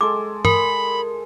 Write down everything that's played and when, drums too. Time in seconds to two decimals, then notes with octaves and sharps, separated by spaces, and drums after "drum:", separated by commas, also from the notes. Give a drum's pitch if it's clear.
0.01 G#3 A4 D6
0.45 A#4 B5, drum: tom